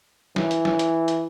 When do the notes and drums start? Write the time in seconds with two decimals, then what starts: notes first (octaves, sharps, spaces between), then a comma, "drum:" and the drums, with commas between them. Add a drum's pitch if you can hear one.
0.36 E3, drum: snare
0.51 drum: hi-hat
0.65 drum: snare
0.79 drum: hi-hat
1.08 drum: hi-hat